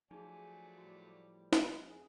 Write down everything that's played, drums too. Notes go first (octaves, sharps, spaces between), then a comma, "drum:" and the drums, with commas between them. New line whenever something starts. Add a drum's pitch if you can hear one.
F3 F#3 A3 D#4 G#4 D5 G#5
A2 G3 F#4
drum: snare
F2 G#4